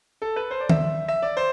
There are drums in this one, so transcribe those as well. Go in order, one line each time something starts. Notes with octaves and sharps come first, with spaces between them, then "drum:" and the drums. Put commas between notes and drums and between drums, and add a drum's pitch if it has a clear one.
A4
B4
C5
D5
E5, drum: tom D#3
E5
D5
C5